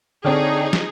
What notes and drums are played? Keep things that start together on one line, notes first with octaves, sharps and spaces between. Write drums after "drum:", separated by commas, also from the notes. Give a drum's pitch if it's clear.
D3 C4 D4 D#4 G#4 C#5 G5 F6
drum: snare